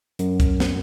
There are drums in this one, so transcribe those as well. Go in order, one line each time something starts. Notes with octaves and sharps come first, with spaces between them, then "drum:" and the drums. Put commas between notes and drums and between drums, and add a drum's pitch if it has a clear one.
F#2, drum: hi-hat
drum: kick C2, hi-hat
drum: snare